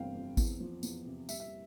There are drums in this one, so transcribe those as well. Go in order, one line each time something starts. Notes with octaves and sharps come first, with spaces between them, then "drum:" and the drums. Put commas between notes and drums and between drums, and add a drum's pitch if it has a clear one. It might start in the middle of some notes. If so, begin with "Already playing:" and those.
Already playing: G1 C3 E3 F5 G5
F2
E2, drum: kick G#1, tambourine
F3
E2, drum: tambourine
C3
G3 E5, drum: tambourine
E5